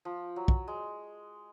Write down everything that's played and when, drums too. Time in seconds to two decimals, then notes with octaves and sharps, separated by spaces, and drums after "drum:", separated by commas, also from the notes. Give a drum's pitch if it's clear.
0.05 F3
0.36 F#3
0.48 drum: kick
0.68 G#3